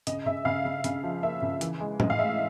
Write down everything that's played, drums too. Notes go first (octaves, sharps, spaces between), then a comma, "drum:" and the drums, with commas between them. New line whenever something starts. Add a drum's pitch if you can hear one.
C#3 D#5, drum: hi-hat
C#3 E5
C#3 F5
C#3
C#3, drum: hi-hat
F3
A#3 E5
C#3
E3, drum: hi-hat
G#3
A2 D#5, drum: tom A2
F5
G#3 E5